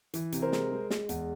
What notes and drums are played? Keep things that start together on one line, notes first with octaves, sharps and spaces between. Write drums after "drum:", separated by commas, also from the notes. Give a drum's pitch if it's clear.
E3, drum: hi-hat
C3, drum: hi-hat
A#4 C5
G#3, drum: snare
G#3
G#3, drum: snare
E2, drum: hi-hat